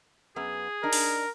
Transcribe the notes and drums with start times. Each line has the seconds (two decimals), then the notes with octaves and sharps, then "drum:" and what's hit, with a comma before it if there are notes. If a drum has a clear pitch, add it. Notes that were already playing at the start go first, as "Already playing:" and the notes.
0.36 F#2 B3 G#4
0.84 D4 D#4 A#4
0.93 drum: open hi-hat